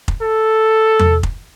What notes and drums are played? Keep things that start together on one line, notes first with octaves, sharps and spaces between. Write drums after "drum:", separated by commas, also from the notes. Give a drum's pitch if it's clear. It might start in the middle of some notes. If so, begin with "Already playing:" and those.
drum: kick F1
A4
drum: tom E2
drum: kick F1